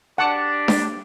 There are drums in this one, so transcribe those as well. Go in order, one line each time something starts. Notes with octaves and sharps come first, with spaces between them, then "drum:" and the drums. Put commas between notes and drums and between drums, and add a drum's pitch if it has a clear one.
D4 G4 F#5 A5 D6
drum: snare D4